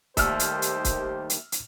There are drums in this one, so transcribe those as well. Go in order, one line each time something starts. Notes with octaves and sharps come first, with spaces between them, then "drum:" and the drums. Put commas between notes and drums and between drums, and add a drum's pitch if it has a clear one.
D#2 D#3 G3 A3 G4 C5 E6 F6, drum: kick C#1, hi-hat
drum: hi-hat
drum: hi-hat
drum: kick C#1, hi-hat
drum: hi-hat
drum: hi-hat